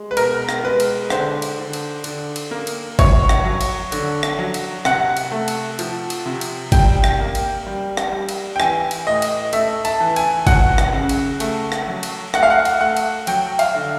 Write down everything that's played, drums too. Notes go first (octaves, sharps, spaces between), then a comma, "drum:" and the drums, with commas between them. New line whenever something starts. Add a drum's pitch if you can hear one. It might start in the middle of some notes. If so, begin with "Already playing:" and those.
Already playing: G#3
B4
B2 A#4, drum: cymbal
drum: rim click
G#3 B4
drum: cymbal
D3 C5, drum: rim click
drum: cymbal
D3
drum: cymbal
D3, drum: cymbal
drum: cymbal
A#3
drum: cymbal
F#3 C#5, drum: kick G1, cymbal
drum: rim click
F#3
drum: cymbal
D3, drum: cymbal
drum: rim click
F#3
drum: cymbal
C3 F#5, drum: rim click
drum: cymbal
A3
drum: cymbal
F3, drum: cymbal
drum: cymbal
C3
drum: cymbal
G3 G5, drum: kick G1, cymbal
drum: rim click
A#3
drum: cymbal
G3
drum: rim click
G3
drum: cymbal
G5
E3 G#5, drum: rim click
drum: cymbal
A2 D#5
drum: cymbal
A3 E5, drum: cymbal
A5, drum: cymbal
E3
G#5, drum: cymbal
F#3 F#5, drum: kick G1, cymbal
drum: rim click
C#3
drum: cymbal
A3, drum: cymbal
drum: rim click
F#3
drum: cymbal
A3 F#5, drum: rim click
F5
F#5
drum: cymbal
A3 F#5
drum: cymbal
F#3 G5, drum: cymbal
F5, drum: cymbal
D3